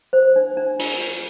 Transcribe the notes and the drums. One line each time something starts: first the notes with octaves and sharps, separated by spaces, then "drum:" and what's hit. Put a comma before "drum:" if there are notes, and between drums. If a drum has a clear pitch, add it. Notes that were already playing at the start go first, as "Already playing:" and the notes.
C5
D4
D4
F4, drum: open hi-hat
F4